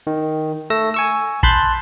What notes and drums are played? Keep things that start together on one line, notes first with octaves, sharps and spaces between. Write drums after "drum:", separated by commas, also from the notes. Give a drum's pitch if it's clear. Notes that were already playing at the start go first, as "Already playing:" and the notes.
D#3
A3 E6 A#6
G#5 C#6 E6
A5 B5 C6 F#6 G6 A6, drum: kick A1